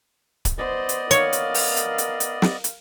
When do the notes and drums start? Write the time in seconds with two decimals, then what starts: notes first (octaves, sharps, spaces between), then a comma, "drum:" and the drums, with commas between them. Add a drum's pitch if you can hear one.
0.45 drum: kick C#1, hi-hat
0.58 B3 C5 D5 D#5
0.89 drum: hi-hat
1.11 A#4 C#5 F5, drum: hi-hat
1.33 drum: hi-hat
1.54 drum: open hi-hat
1.76 drum: hi-hat
1.98 drum: hi-hat
2.20 drum: hi-hat
2.42 drum: snare
2.64 drum: hi-hat